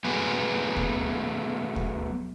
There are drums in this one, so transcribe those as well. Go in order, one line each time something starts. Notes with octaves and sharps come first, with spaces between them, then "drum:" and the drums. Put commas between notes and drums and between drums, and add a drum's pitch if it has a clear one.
F#3 A3 B3 G#4 B4 G#5
drum: kick
drum: kick